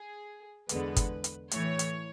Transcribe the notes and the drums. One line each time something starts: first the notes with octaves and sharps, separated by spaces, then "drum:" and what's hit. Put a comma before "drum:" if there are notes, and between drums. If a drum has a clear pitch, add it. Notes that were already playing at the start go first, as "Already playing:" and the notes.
Already playing: G#4
E2 D3 G#3 B3 B4, drum: hi-hat
drum: kick G1, hi-hat
drum: hi-hat
A2 E3 A3 C#5, drum: hi-hat
drum: hi-hat